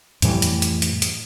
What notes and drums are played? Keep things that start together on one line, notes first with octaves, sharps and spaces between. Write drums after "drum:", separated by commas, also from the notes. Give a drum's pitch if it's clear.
F2 A2 E3 G3, drum: hi-hat
drum: hi-hat
drum: hi-hat
drum: hi-hat
drum: hi-hat